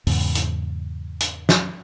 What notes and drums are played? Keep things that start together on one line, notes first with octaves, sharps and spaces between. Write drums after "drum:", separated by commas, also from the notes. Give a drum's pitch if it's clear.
E2 G#2 C#3, drum: open hi-hat
drum: hi-hat
drum: hi-hat
drum: snare